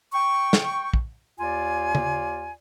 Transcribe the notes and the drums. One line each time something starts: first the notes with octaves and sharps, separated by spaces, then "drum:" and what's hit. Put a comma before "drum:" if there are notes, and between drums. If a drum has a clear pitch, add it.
G5 C#6
drum: snare
drum: kick
D#2 F4 D5 G#5
drum: tom C#3